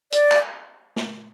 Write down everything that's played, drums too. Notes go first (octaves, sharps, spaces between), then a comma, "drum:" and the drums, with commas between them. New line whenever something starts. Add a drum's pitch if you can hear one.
D5, drum: hi-hat
drum: clap
drum: snare